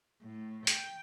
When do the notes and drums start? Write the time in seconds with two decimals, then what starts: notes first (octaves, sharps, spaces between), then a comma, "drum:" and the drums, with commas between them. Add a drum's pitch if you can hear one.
0.23 A2
0.67 G5, drum: hi-hat